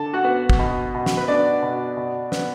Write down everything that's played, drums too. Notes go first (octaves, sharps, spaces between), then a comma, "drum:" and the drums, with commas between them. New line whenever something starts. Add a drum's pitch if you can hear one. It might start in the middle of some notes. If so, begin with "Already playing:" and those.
Already playing: D3 A4 A5
F#4 F#5
B3
drum: kick
B2
B2
drum: snare
B4
B3 D4 D5
B2
B2
B3, drum: snare